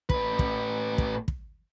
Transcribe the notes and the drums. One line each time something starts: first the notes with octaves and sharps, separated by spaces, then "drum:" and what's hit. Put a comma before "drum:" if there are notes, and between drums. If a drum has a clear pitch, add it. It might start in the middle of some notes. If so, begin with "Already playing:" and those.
A2 B4, drum: kick
drum: kick
drum: kick
drum: kick